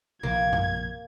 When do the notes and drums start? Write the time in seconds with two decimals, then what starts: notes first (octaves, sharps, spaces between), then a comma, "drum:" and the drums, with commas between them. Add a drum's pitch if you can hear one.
0.23 A#1 C3 A#3 G#6
0.53 drum: tom F#2